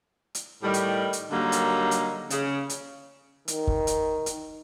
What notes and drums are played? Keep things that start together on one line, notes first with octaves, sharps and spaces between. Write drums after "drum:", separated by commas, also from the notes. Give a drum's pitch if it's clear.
drum: hi-hat
A2 D#3 G3
drum: hi-hat
drum: hi-hat
D3 D#3 F#3 G3 A#3
drum: hi-hat
drum: hi-hat
C#3, drum: hi-hat
drum: hi-hat
D#3, drum: hi-hat
drum: kick
drum: hi-hat
drum: hi-hat